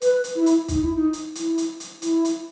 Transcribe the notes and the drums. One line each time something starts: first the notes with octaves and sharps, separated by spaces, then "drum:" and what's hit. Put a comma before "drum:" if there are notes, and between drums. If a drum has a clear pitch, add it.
B4, drum: hi-hat
drum: hi-hat
E4
drum: hi-hat
D#4, drum: kick, hi-hat
E4
D#4
drum: hi-hat
E4, drum: hi-hat
drum: hi-hat
drum: hi-hat
E4, drum: hi-hat
drum: hi-hat